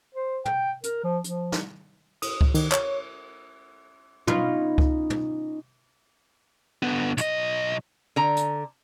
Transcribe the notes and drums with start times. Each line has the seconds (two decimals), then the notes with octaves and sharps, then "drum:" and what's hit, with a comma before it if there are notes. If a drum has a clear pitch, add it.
0.15 C5
0.45 G5, drum: tom
0.84 A#4, drum: hi-hat
1.04 F3
1.24 F3, drum: hi-hat
1.52 drum: snare
2.22 D#6, drum: cymbal
2.41 drum: kick C#2
2.54 D#3, drum: cymbal
2.72 C#5, drum: clap
4.28 B3 C#4 D#4 F4, drum: tom
4.78 drum: kick C#2
5.10 drum: tom
6.82 D3 B3
7.17 B1 D#5, drum: hi-hat
8.16 D3 A#5
8.36 drum: hi-hat